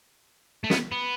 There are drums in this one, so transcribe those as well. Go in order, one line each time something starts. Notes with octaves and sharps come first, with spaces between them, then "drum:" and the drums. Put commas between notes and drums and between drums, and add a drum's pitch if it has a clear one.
A3
B3, drum: snare
B3